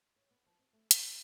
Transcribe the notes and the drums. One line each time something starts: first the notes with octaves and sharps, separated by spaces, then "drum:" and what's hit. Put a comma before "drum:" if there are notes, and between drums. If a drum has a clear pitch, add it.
C#5
B3
F3
C4
A3
C4, drum: hi-hat
C4